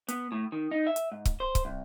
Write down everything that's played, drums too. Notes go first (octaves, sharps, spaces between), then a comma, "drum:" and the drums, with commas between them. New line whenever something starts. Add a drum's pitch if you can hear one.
B3, drum: hi-hat
A2
D#3
D#4
E5
drum: hi-hat
G#2
drum: kick C#1, hi-hat
C5
drum: kick C#1, hi-hat
C2